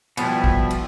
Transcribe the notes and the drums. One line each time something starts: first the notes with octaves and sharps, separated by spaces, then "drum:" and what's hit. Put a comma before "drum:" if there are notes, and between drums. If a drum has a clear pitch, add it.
B2 F3 G3 E4, drum: cymbal
drum: kick
drum: cymbal